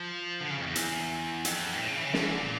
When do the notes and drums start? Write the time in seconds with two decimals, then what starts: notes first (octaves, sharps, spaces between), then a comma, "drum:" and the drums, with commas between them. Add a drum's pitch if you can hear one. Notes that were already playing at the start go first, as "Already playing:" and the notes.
Already playing: F3
0.41 D3
0.50 C#3
0.58 F2
0.66 E2
0.76 drum: hi-hat
1.45 F2, drum: hi-hat
1.74 G2
1.79 A2
1.88 C#3
1.96 E3
2.05 C#3
2.14 F3, drum: snare
2.22 E3
2.31 D3
2.40 A#2